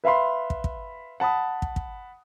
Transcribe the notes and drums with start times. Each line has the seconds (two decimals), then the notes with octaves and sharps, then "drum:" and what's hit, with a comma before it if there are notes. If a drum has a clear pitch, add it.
0.04 B4 E5 F5 B5 C6
0.50 drum: kick
0.64 drum: kick
1.20 F#5 A5 B5 D#6
1.62 drum: kick
1.76 drum: kick